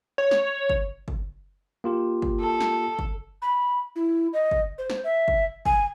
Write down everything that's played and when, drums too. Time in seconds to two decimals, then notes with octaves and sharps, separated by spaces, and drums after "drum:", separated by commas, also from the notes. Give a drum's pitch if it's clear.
0.18 C#5
0.31 drum: snare
0.70 drum: kick
1.08 drum: kick
1.84 A#3 F4 G4
2.22 drum: kick
2.40 A4
2.60 drum: snare
2.99 drum: kick
3.42 B5
3.96 E4
4.33 D#5
4.51 drum: kick
4.78 C5
4.90 drum: snare
5.04 E5
5.28 drum: kick
5.66 G#5, drum: kick